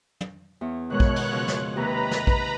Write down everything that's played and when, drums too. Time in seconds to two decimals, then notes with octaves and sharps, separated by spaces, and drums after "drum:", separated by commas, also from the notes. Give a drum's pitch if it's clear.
0.21 drum: tom
0.61 E2 C#5
0.90 B2 D#3 G#3 A#4 C#5 F#6
1.00 drum: kick A#1
1.16 drum: cymbal
1.32 C#3 F3
1.48 drum: snare
1.76 D#2 C3 D#3 B4 A#5 B5
2.11 drum: snare
2.27 drum: kick A#1